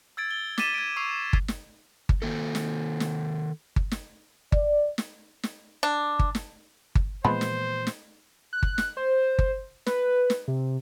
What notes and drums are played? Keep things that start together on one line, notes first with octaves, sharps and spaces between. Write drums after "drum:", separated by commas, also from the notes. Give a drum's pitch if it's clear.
E6 G#6 A6 D7
G7
D6 A6 B6 D#7 E7 G7, drum: snare
G#6 D7
C#6 E6 C7 F7
drum: kick G1
drum: snare
drum: kick G1
D#3 A#3 A4
drum: snare
drum: snare
drum: kick G1
drum: snare
D5, drum: kick G1
drum: snare
drum: snare
D4
drum: kick G1
drum: snare
drum: kick G1
A#2 E3 F3 G#3 B3 C5
drum: snare
drum: snare
F#6
drum: kick G1
drum: snare
C5
drum: kick G1
B4, drum: snare
drum: snare
C3